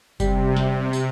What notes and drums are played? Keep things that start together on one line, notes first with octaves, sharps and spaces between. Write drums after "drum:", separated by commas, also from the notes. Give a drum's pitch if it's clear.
C3 G3, drum: kick F#1, tambourine
drum: snare
drum: tambourine